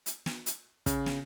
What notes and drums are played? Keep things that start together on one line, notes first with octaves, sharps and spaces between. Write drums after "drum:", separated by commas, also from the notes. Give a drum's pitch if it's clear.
drum: hi-hat
drum: snare
drum: hi-hat
C#3, drum: kick, hi-hat
drum: snare